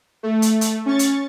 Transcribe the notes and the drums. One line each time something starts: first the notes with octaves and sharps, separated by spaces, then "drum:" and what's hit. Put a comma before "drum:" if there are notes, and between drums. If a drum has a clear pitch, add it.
A3
drum: hi-hat
drum: hi-hat
C#4 C#6 A6
drum: hi-hat